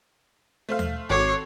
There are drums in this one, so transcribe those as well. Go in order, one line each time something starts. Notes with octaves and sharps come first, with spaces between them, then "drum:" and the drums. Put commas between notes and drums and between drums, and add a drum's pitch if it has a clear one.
A3 C5 F5
drum: tom D#2
G#1 C4 F#4 A4 C#5 D6 C7